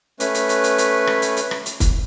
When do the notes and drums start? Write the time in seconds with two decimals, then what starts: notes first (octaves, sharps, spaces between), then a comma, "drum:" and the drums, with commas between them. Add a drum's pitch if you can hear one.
0.20 A3 C#4 B4, drum: hi-hat
0.34 drum: hi-hat
0.49 drum: hi-hat
0.64 drum: hi-hat
0.78 drum: hi-hat
1.07 drum: rim click
1.22 drum: hi-hat
1.37 drum: hi-hat
1.51 drum: rim click
1.66 drum: hi-hat
1.80 drum: kick, hi-hat